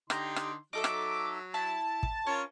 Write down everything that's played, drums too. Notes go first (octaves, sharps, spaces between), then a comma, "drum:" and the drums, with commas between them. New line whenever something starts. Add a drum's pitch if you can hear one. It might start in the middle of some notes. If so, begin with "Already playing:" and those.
D3 D#4 G4 G5 A#5 C6, drum: rim click
drum: rim click
F#3 D#4 A4 E5 D6
drum: rim click
E4 A5
drum: kick
C#4 F4 A#4 C#5